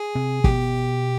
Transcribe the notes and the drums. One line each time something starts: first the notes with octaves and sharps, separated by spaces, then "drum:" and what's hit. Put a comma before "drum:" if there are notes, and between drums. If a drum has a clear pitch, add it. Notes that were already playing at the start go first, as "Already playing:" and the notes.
Already playing: G#4
C3 C4
B2 B3 G4, drum: kick